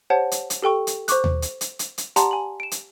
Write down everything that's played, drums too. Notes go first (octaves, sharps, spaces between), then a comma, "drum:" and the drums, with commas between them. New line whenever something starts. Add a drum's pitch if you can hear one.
G4 C5 C#5 F#5 A5
drum: hi-hat
drum: hi-hat
G4 A4 G5 C#6
drum: hi-hat
C5 C#6 D6 F#6, drum: hi-hat
drum: tom D#2
drum: hi-hat
drum: hi-hat
drum: hi-hat
drum: hi-hat
G4 D5 F#5 A5 A#5 C6, drum: hi-hat
G#5 F#7
D7 E7
drum: hi-hat